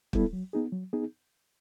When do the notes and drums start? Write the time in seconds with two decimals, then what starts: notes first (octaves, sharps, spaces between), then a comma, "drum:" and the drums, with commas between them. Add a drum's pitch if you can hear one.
0.13 G3 B3 E4 A4, drum: kick
0.33 F#3
0.53 B3 D#4 G#4
0.73 F#3
0.93 B3 D#4 G#4